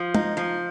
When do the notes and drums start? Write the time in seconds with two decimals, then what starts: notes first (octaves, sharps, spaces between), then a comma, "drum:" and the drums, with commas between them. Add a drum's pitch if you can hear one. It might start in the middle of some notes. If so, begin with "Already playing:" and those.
Already playing: F3
0.15 D#4, drum: tom
0.37 F3